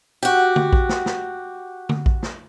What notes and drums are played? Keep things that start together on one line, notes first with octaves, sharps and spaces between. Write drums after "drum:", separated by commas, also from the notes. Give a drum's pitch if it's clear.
F#4 G4
drum: tom D3
drum: kick A#1
drum: snare
drum: snare
drum: tom D3
drum: kick A#1
drum: snare